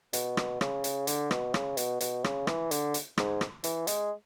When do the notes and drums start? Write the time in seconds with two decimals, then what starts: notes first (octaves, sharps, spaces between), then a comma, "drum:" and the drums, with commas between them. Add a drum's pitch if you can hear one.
0.13 B2, drum: hi-hat
0.37 drum: rim click
0.61 C#3, drum: rim click
0.84 drum: hi-hat
1.07 D3, drum: hi-hat
1.31 B2, drum: rim click
1.54 C#3, drum: rim click
1.77 B2, drum: hi-hat
2.01 B2, drum: hi-hat
2.24 C#3, drum: rim click
2.47 E3, drum: rim click
2.71 D3, drum: hi-hat
2.94 drum: hi-hat
3.18 G#2, drum: rim click
3.41 drum: rim click
3.64 E3, drum: hi-hat
3.87 G#3, drum: hi-hat